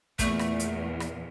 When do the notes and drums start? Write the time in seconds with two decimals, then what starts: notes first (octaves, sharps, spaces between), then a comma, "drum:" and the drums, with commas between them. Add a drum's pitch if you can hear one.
0.19 E2 A#2 A3, drum: kick, hi-hat
0.39 drum: rim click
0.60 drum: hi-hat
1.00 drum: rim click